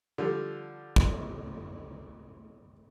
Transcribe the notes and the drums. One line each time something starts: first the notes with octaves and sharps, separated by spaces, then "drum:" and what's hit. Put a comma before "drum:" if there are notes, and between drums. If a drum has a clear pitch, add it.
D3 F3 G3
drum: kick